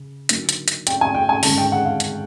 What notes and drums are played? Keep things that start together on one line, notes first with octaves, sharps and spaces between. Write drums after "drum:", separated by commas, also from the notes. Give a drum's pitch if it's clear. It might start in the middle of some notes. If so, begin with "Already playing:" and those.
Already playing: C#3
D3 F#3 A#3 D#4, drum: hi-hat
drum: hi-hat
drum: hi-hat
G5, drum: hi-hat
G#5
G5
G#5
G#2 D#3 G#3 C#4 A5, drum: open hi-hat
G5
F#5
F5
drum: hi-hat